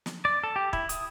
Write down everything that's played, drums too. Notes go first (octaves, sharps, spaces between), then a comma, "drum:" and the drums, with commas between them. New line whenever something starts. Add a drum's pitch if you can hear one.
drum: snare
D5
A4
G4
E4, drum: kick
D#6, drum: hi-hat